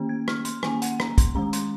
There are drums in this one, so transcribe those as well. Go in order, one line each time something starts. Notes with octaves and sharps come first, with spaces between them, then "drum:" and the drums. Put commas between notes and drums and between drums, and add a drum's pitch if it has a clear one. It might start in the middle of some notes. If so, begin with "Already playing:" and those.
Already playing: D#3 A#3 C#4
G#6
F6, drum: rim click
C6, drum: hi-hat
D#3 A#3 C#4 G#5, drum: rim click
F#5, drum: hi-hat
A#5, drum: rim click
C6, drum: kick, hi-hat
D#3 G#3 C#4 A#5
C6, drum: hi-hat